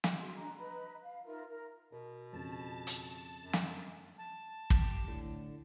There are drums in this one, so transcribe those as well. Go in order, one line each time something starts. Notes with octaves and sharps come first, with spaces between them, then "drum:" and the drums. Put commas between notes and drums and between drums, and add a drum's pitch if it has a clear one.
drum: snare
F#4 G#4 C6
D4 D#5 A#5
B4 D#5 A#5 B5
F5
D#4 F4 A#4 E5
A#4
B2 A#4
F2 C#3 A5
drum: hi-hat
F#2
drum: snare
A5
G4, drum: kick
A2 D3